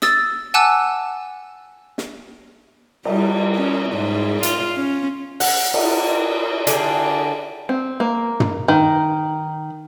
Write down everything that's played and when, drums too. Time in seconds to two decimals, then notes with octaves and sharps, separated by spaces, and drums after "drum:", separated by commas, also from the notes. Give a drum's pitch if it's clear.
0.02 D#6 E6 A6, drum: snare
0.54 F#5 G#5 A5 D6 E6 F#6
1.98 drum: snare
3.05 G3, drum: cymbal
3.55 C#4
3.92 G#2
4.43 F4, drum: hi-hat
4.76 C#4
5.40 F#5, drum: open hi-hat
5.74 drum: cymbal
6.67 D3 D4 G4 G#4, drum: hi-hat
7.69 C4
8.00 A#3
8.40 drum: tom
8.68 D#3